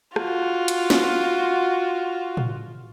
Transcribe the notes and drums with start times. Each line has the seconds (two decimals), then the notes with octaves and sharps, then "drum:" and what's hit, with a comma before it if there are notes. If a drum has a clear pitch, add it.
0.16 F4 F#4, drum: rim click
0.68 drum: hi-hat
0.90 drum: snare
2.37 drum: tom A2